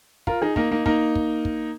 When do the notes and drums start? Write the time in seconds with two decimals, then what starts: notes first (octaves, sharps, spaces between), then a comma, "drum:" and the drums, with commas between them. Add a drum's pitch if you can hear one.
0.27 F4 A#4, drum: kick
0.42 D#4 G#4
0.56 A#3 D#4, drum: kick
0.71 A#3 D#4
0.86 A#3 D#4, drum: kick
1.15 drum: kick
1.45 drum: kick